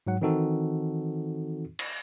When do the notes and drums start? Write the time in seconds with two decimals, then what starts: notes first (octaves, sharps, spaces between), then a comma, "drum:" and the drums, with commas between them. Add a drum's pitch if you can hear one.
0.07 G#2 F#3 F#5
0.21 D#3 E3 C4 D#4 F#4 A4
1.79 drum: cymbal